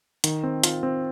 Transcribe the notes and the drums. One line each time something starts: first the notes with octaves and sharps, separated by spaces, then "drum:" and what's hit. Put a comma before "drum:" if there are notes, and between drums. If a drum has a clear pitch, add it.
D#3, drum: hi-hat
C4
F4, drum: hi-hat
C4